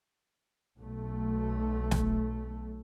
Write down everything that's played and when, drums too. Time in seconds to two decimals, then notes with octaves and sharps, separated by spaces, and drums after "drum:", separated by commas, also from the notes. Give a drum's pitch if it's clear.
0.79 B1 A3
1.91 drum: snare